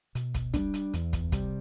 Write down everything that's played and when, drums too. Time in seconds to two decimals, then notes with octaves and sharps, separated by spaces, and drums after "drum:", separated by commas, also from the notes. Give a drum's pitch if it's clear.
0.15 B2, drum: hi-hat
0.34 drum: kick, hi-hat
0.54 G3 B3 D4, drum: kick, hi-hat
0.74 drum: hi-hat
0.93 E2, drum: hi-hat
1.13 drum: kick, hi-hat
1.32 C3 G3, drum: kick, hi-hat